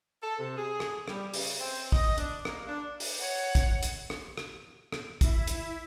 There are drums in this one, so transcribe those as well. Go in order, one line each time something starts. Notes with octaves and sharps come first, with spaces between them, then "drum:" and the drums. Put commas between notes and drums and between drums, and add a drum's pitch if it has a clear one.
A4
C3
G#4
drum: rim click
G3, drum: rim click
C#3, drum: open hi-hat
C4
D#5, drum: kick
D4, drum: hi-hat
A#3, drum: rim click
D4
drum: open hi-hat
C#5 F#5
drum: kick, hi-hat
drum: hi-hat
drum: rim click
drum: rim click
drum: rim click
E4 E5, drum: kick, hi-hat
drum: hi-hat